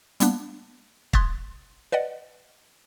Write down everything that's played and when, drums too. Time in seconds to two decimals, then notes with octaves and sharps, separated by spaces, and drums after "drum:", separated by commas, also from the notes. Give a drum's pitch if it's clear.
0.20 G3 A#3 B3 D4, drum: hi-hat
1.13 C6 D#6 F#6 G#6 A6 B6, drum: kick
1.92 B4 D5 D#5 F#5